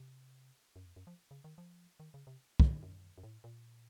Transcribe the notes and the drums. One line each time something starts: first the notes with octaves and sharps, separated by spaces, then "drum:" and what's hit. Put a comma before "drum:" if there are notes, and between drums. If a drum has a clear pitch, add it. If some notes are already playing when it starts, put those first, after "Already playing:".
Already playing: C3
F#2
F2
F#2
F3
C#3
D#3
F3
D#3
C#3
C3
drum: kick
F#2
F#2
A2
A#2